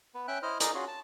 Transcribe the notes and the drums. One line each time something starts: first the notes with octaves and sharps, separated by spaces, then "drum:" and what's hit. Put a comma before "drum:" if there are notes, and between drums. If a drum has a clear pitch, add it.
B3 B4
C#4 E5 G5 F#6
E4 C5 D#5 F6
D#4 G#4 A#4 D5 D#5, drum: hi-hat
C#4 F4 F#4 G#4
A5